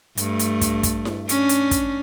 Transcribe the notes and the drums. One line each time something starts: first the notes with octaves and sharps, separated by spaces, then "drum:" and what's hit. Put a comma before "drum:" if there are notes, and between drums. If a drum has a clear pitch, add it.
G2 A3, drum: hi-hat
drum: hi-hat
drum: kick, hi-hat
drum: kick, hi-hat
drum: snare E4
C#4 D4, drum: hi-hat
drum: hi-hat
drum: kick, hi-hat